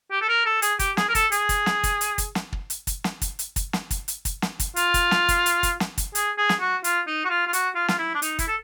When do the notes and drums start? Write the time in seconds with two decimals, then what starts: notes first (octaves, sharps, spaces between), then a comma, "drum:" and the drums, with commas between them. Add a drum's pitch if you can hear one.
0.12 G4
0.21 A4
0.29 A#4
0.46 A4
0.62 G#4, drum: hi-hat
0.79 G4, drum: kick, hi-hat
0.97 G#4, drum: snare
1.09 A#4
1.15 A4, drum: kick, hi-hat
1.32 G#4, drum: hi-hat
1.49 drum: kick, hi-hat
1.66 drum: snare
1.84 drum: kick, hi-hat
2.01 drum: hi-hat
2.18 drum: kick, hi-hat
2.35 drum: snare
2.53 drum: kick
2.70 drum: hi-hat
2.87 drum: kick, hi-hat
3.04 drum: snare
3.22 drum: kick, hi-hat
3.39 drum: hi-hat
3.56 drum: kick, hi-hat
3.73 drum: snare
3.91 drum: kick, hi-hat
4.08 drum: hi-hat
4.25 drum: kick, hi-hat
4.42 drum: snare
4.60 drum: kick, hi-hat
4.76 F4, drum: hi-hat
4.94 drum: kick, hi-hat
5.11 drum: snare
5.29 drum: kick, hi-hat
5.46 drum: hi-hat
5.63 drum: kick, hi-hat
5.80 drum: snare
5.98 drum: kick, hi-hat
6.15 G#4, drum: hi-hat
6.38 G#4
6.49 drum: snare
6.61 F#4
6.84 F4, drum: hi-hat
7.07 D#4
7.25 F#4
7.29 F4
7.47 F4
7.53 F#4, drum: hi-hat
7.75 F4
7.88 F4, drum: snare
7.99 E4
8.15 D4
8.22 D#4, drum: hi-hat
8.39 E4, drum: kick, hi-hat
8.48 A4